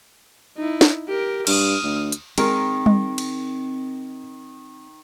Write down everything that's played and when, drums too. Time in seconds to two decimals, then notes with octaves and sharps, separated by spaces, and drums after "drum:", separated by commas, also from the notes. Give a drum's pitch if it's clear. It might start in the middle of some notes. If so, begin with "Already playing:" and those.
0.57 D#4 E4
0.81 drum: snare
1.08 G4 A#4
1.47 G2 D#6 F6, drum: cymbal
1.83 D2
2.12 drum: hi-hat
2.38 D#3 G#3 C4 A#4, drum: cymbal
2.86 drum: tom G3
3.18 drum: cymbal